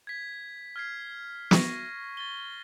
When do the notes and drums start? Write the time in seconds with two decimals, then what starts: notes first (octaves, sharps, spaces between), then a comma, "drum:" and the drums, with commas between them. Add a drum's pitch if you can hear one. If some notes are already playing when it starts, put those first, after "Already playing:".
0.07 G#6 B6
0.76 F6 G#6 C7
1.51 C#6 A#6, drum: snare
2.17 A6 G7